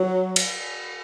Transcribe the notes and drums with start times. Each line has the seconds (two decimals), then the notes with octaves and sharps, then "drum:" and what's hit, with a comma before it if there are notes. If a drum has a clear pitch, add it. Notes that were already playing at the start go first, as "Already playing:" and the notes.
Already playing: F#3
0.36 drum: cymbal